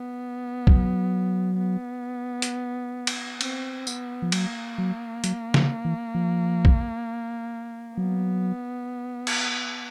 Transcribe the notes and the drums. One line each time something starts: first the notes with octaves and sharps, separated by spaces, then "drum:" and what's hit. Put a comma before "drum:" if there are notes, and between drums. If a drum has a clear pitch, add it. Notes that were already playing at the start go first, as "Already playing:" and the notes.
Already playing: B3
F#3, drum: kick A#1
B3
drum: hi-hat
drum: cymbal
C4, drum: cymbal
B3, drum: tambourine
F3
F#3 A#3, drum: cymbal
F#3
F#3, drum: hi-hat
F3, drum: snare C#3
E3
F3
drum: kick A#1
F#3 B3
drum: cymbal